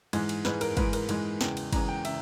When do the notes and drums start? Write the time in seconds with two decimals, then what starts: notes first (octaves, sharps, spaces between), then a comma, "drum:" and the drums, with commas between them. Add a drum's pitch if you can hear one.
0.13 G#2 E3 G#3, drum: cymbal
0.29 drum: cymbal
0.45 G#2 E3 G#3 B4, drum: snare
0.61 A#4, drum: cymbal
0.77 G#2 E3 G#3 B4, drum: kick, cymbal
0.93 A#4, drum: cymbal
1.09 G#2 E3 G#3, drum: cymbal
1.41 E2 C#3 E3 G#3 G5, drum: snare
1.57 drum: cymbal
1.73 E2 C#3 E3 G#3 A#5, drum: kick, cymbal
1.89 G5
2.05 C#3 E5, drum: cymbal